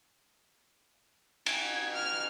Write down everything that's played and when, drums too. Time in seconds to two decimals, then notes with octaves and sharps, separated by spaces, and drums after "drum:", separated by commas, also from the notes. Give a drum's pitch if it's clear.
1.46 G#6, drum: cymbal
1.94 F6